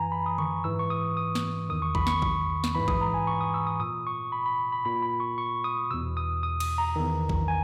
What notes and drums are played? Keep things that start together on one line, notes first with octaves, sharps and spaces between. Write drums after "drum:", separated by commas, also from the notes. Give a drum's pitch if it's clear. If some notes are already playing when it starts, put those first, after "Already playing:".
Already playing: F#2 E3 G#5 A#5
B5
D#6
C#6, drum: tom D3
G#2 E3 E6
C#6
D#6
D#6
drum: snare
E2 D#3 D#6
C#6
B5, drum: kick A#1
C#6, drum: snare
drum: kick A#1
drum: snare
G#2 E3 B5
D#6, drum: kick A#1
A#5
G#5
C#6
D#6
E6
D#6
A#2 D#6
C#6
B5
B5
B5
A#2 B5
B5
C#6
C#6
D#6
E2 B2 E6
D#6
D#6
D#6, drum: cymbal
A#5
E2 D#3
drum: kick A#1
G#5